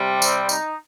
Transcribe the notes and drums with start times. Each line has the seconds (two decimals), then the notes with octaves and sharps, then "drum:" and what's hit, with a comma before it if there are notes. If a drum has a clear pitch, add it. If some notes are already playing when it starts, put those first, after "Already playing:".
Already playing: C3 G3
0.22 C4, drum: tambourine
0.49 D#4, drum: tambourine